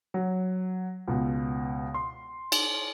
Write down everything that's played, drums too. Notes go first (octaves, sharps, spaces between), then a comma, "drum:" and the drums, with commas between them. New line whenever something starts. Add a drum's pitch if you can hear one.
F#3
C#2 B2
C6
drum: cymbal